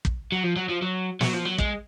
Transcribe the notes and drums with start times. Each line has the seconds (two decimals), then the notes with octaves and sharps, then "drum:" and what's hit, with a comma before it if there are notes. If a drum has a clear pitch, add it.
0.05 drum: kick
0.32 F#3
0.43 F3
0.56 F#3
0.69 F3
0.82 F#3
1.21 F#3, drum: snare
1.33 F3
1.45 F#3
1.58 G#3, drum: kick